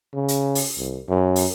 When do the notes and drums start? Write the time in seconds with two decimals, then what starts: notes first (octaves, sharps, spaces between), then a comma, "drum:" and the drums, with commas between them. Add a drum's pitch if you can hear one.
0.14 C#3
0.28 drum: hi-hat
0.55 drum: open hi-hat
0.77 C2
1.09 F#2
1.36 drum: open hi-hat